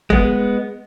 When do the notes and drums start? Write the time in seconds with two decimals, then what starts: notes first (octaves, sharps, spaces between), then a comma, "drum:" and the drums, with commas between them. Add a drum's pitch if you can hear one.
0.10 G#3 B3, drum: kick